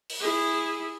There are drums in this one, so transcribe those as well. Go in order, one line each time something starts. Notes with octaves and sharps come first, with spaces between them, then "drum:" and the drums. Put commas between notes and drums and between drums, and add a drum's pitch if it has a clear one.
drum: open hi-hat
E4 G#4